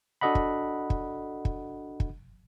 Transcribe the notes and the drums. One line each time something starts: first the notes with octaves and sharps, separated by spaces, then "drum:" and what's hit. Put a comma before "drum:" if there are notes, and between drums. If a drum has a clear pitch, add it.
D4 F#4 A4 D#5 F#5 B5
drum: kick
drum: kick
drum: kick
drum: kick